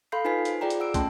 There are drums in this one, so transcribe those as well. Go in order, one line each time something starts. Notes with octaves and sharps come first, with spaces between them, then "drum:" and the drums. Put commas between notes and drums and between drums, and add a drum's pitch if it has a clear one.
A4 F5 B5 C6 G6 C7
D#4 F4 B4 G#5 B6 C7
C5, drum: hi-hat
F4 G#4 D5 G5 A#5
drum: hi-hat
F#5 E6 D7
A3 C#4 G5 A5 C6, drum: kick, hi-hat